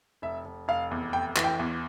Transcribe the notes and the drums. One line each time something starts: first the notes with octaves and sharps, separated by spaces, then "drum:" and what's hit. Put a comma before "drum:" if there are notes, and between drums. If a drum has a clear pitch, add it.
F1 E5
F1
F1 F5
E2
F1 G5
E3, drum: clap
G5
E2